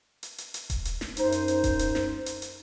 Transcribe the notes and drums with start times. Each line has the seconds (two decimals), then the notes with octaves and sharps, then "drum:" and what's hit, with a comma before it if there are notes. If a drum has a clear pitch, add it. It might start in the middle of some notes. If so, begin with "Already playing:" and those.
0.23 drum: hi-hat
0.38 drum: hi-hat
0.54 drum: hi-hat
0.70 drum: kick D#1, hi-hat
0.85 drum: hi-hat
1.01 drum: snare
1.17 F#2 D#4 C5, drum: hi-hat
1.32 drum: hi-hat
1.48 drum: hi-hat
1.64 drum: kick D#1, hi-hat
1.79 drum: hi-hat
1.95 drum: snare
2.26 drum: hi-hat
2.42 drum: hi-hat